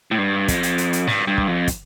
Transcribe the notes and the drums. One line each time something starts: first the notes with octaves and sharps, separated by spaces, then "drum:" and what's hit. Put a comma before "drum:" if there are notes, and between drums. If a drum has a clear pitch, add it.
A2
G2
F2, drum: kick, hi-hat
drum: hi-hat
drum: hi-hat
drum: hi-hat
G2, drum: snare
G2
drum: kick
F2
drum: kick, hi-hat